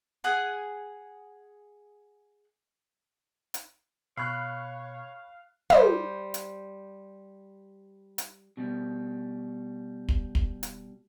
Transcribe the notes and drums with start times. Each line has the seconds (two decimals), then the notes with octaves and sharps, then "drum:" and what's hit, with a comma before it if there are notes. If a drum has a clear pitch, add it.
0.24 G#4 F#5 G#5
3.54 drum: hi-hat
4.17 B2 C#5 F5 B5 C#6 F#6
5.70 G3 C5, drum: tom
6.34 drum: hi-hat
8.18 drum: hi-hat
8.57 B2 G3
10.09 drum: kick
10.35 drum: kick
10.63 drum: hi-hat